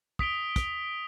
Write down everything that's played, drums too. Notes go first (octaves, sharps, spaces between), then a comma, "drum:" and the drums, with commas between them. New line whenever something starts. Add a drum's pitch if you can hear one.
D#6 B6 D7 G7, drum: kick
drum: kick, hi-hat